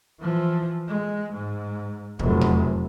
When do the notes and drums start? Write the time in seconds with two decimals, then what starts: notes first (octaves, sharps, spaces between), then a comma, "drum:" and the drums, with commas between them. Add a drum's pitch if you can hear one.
0.21 E3 F3
0.88 G#3
1.33 G#2
2.19 F1 F#2, drum: kick D1
2.41 drum: tom E2